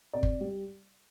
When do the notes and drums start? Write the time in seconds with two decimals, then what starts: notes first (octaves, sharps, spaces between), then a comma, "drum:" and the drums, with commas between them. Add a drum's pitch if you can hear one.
0.13 C3 D5
0.23 drum: kick G1
0.41 G3